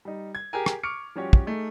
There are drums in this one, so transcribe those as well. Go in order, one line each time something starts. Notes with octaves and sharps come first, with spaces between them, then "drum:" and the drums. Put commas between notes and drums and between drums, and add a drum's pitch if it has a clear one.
G3 D#4
G#6
G4 G#4 A#4 G#5
drum: rim click
C#6 D6 F6 C#7 D7
F3 G3 C#4 F#4 G4 C#5
drum: kick
A3 D#4 G#4